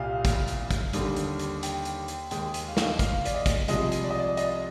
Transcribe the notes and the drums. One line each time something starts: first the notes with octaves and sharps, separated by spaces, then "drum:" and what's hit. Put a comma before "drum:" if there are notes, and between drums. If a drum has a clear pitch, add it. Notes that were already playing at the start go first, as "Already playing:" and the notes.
Already playing: C2 A#2 G3 F5
drum: kick, hi-hat
drum: hi-hat
drum: kick, hi-hat
D#2 D3 G3, drum: hi-hat
drum: hi-hat
drum: hi-hat
G5, drum: hi-hat
drum: hi-hat
drum: hi-hat
D#2 D#3 G#3 G5, drum: hi-hat
drum: hi-hat
F5
D#5, drum: snare
F5, drum: kick, hi-hat
D5, drum: hi-hat
D#5
drum: kick, hi-hat
C2 C3 F3 G#3 D#5, drum: hi-hat
drum: hi-hat
D5
D#5
D5
D#5, drum: hi-hat